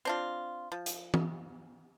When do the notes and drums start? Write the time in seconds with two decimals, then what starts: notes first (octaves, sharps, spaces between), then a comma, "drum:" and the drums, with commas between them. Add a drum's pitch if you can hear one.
0.05 C4 D4 F4
0.72 F3
0.86 drum: hi-hat
1.14 drum: tom E3